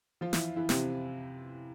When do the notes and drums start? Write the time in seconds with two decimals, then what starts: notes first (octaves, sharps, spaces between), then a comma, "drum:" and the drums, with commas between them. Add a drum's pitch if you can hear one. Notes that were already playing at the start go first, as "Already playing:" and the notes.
0.21 F3 F4
0.33 E3 E4, drum: snare
0.56 E3 E4
0.69 C3 C4, drum: snare